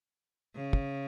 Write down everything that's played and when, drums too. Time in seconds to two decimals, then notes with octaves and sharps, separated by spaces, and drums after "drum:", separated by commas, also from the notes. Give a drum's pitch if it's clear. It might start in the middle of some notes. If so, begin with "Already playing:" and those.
0.56 C#3
0.73 drum: kick